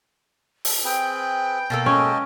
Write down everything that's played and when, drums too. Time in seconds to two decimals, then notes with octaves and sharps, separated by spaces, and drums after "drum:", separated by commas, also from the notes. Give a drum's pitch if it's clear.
0.65 drum: open hi-hat
0.84 C4 G#4 B4 G5
1.70 B2 A#3 A4
1.86 G#3 C#4 D#5 A5